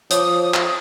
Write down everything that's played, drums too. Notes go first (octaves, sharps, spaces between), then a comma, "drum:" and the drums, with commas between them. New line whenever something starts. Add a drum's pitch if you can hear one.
F3 C#5 D6 D#6, drum: hi-hat
drum: clap